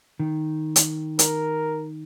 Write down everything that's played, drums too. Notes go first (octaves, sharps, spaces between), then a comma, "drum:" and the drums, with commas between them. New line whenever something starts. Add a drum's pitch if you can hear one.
D#3
drum: hi-hat
A#4, drum: hi-hat